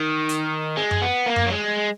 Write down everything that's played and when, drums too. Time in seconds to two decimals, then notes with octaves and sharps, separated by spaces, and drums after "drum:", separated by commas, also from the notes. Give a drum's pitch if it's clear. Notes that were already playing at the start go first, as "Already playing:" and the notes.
Already playing: D#3
0.29 drum: hi-hat
0.77 G#3
0.91 drum: tom F#2
1.02 B3
1.26 A#3
1.36 drum: tom F#2
1.46 F#3
1.52 G#3